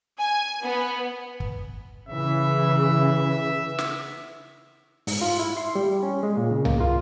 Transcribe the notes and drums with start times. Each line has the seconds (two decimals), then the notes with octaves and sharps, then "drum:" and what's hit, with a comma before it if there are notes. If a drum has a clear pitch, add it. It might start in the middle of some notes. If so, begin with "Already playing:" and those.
0.20 G#5
0.63 B3
1.40 drum: kick
2.09 C#3 E3 E5
3.78 drum: snare
5.07 G#2, drum: open hi-hat
5.21 F4
5.39 E4, drum: hi-hat
5.57 C6
5.75 G3
6.03 C#4
6.23 G#3
6.37 A#2
6.51 C#3
6.65 A#3, drum: tom C2
6.80 F4